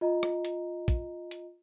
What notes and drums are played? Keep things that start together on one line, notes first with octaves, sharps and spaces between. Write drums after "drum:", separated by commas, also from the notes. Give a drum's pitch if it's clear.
F4 D#5 A#5
drum: rim click
drum: hi-hat
drum: kick, hi-hat
drum: hi-hat